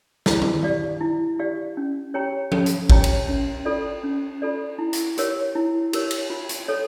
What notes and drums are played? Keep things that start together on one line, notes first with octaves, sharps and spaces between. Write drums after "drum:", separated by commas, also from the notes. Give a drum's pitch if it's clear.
E4, drum: snare
drum: tom D#3
G4 D5 F5
E4
G4 D5 F5
C#4
G4 C#5 G5 A#5
C#4, drum: tom F3
drum: hi-hat
G4 C#5 G5 A#5, drum: kick
drum: cymbal
C#4
F4 A4 D5
C#4
F4 A4 D5
E4
drum: hi-hat
G4 A#4 C#5, drum: hi-hat
E4
G4 A#4 C#5, drum: cymbal
drum: cymbal
F4
drum: hi-hat
A4 C#5